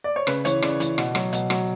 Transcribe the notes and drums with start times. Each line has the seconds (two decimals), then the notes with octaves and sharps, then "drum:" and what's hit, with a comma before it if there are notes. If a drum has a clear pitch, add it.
0.04 D5
0.16 C#5
0.27 C#3 B4, drum: rim click
0.45 E3 C#5, drum: hi-hat
0.62 C#3 D5, drum: rim click
0.80 E3, drum: hi-hat
0.98 B2, drum: rim click
1.15 F#3, drum: rim click
1.33 B2, drum: hi-hat
1.50 F#3, drum: rim click